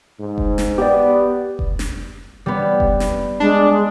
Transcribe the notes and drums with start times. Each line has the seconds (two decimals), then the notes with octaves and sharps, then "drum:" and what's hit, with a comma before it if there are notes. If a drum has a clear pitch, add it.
0.20 G#2
0.38 drum: kick F1
0.58 drum: snare
0.78 B3 G4 D5
1.59 drum: kick F1
1.79 drum: snare
2.46 G3 B3
2.80 drum: kick F1
3.00 drum: snare
3.40 G#3 D4